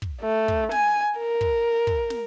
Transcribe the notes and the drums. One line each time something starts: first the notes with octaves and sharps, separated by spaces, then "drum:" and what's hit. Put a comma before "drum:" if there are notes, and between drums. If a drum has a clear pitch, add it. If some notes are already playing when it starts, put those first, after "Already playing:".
drum: kick
A3
drum: kick
G#5, drum: snare
A#4
drum: kick
drum: kick
drum: snare